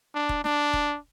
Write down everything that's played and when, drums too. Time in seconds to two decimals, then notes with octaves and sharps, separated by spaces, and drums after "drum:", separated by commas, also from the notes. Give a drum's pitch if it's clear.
0.14 D4
0.29 drum: kick E1
0.44 D4, drum: snare
0.73 drum: kick E1